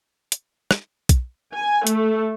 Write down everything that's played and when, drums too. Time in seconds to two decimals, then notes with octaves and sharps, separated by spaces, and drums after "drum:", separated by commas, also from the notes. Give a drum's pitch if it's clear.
0.32 drum: hi-hat
0.71 drum: rim click
1.09 drum: kick, hi-hat
1.55 G#5
1.87 A3, drum: hi-hat